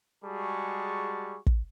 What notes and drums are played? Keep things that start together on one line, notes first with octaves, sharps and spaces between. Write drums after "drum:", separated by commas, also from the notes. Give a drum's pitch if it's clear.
G3 G#3 F#4 G#4 A5 C#6
drum: kick